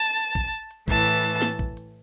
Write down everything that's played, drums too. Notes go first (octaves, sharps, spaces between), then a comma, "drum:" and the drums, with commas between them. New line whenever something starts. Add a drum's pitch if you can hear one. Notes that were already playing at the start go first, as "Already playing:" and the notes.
Already playing: A5
drum: kick, hi-hat
drum: hi-hat
A2 E3 A5, drum: kick
drum: snare
drum: kick
drum: hi-hat